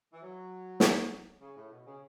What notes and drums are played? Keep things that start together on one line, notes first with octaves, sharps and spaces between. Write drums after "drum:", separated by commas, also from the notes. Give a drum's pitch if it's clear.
E3
F#3
drum: snare
C#3
A2
B2
C#3